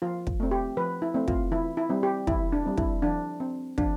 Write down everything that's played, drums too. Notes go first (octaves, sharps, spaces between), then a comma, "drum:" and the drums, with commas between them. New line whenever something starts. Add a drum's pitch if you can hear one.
F3 F4
drum: kick
A3 C4
G4
F3 B4
E4
A3 C4
F4, drum: kick
E3 E4
E4
G3 C4
G4
E3 E4, drum: kick
D4
G3 C4
E4, drum: kick
F3 D4
C4
F3 D4, drum: kick